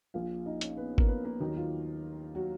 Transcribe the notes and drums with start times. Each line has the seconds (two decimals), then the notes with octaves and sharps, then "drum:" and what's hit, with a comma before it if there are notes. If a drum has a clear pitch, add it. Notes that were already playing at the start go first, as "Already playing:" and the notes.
0.14 A#1 A#2 F3 F4 F5
0.46 D#4 D#5
0.61 C#4 C#5, drum: hi-hat
0.77 B3 B4
0.98 A#3 A#4, drum: kick G#1
1.08 B3 B4
1.24 A#3 A#4
1.40 D#2 D#3 F#3 D#4
1.57 F4
2.35 F#3 F#4